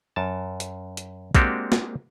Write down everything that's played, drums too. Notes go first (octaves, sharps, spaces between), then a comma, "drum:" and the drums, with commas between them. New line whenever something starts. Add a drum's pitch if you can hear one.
F#2 A5
drum: hi-hat
drum: hi-hat
G#3 A#3 C4 D4 F#4 G4, drum: kick, hi-hat
drum: snare